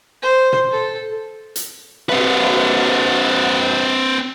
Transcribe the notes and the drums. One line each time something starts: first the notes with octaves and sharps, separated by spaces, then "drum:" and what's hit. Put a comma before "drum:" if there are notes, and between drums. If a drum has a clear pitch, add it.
C5
drum: tom A#2
A4
drum: hi-hat
C4 B4, drum: cymbal
drum: cymbal